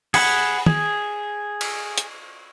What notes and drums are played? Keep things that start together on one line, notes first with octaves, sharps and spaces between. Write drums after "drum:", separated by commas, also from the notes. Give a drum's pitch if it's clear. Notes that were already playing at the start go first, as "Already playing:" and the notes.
G#4 F#5 B5, drum: cymbal
G#4, drum: tom
drum: cymbal
drum: hi-hat